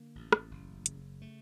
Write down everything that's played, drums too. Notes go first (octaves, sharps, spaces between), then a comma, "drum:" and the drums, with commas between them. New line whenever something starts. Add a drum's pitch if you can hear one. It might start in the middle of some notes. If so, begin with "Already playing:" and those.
Already playing: D3 A#3
A1
drum: rim click
F#1
C#3, drum: hi-hat
A3